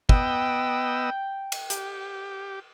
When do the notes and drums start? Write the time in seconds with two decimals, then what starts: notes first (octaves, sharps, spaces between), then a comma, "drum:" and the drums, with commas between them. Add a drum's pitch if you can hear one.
0.09 B3 D#5 G5 E6, drum: kick
1.52 drum: cymbal
1.70 G4, drum: hi-hat